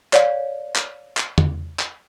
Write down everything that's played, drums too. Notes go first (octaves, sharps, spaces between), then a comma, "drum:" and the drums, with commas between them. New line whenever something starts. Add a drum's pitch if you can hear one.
C#5 D5 F5, drum: clap
drum: clap
drum: clap
drum: tom
drum: clap